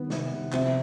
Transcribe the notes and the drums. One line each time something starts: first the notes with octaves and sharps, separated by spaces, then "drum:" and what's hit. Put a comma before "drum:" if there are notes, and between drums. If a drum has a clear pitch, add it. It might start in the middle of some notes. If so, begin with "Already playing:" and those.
Already playing: D#3 G3 B3
C3, drum: snare
C3
C3 F3 C4, drum: clap